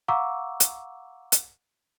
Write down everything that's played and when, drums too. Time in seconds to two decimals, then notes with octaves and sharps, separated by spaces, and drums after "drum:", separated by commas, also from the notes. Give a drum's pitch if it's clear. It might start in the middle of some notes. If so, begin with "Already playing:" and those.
0.08 F5 F#5 A#5 C#6 D6 E6
0.60 drum: hi-hat
1.32 drum: hi-hat